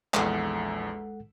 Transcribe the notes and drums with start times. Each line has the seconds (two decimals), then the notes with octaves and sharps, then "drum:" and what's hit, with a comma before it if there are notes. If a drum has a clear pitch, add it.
0.14 A#1 E2 G#3 A4 F#5, drum: clap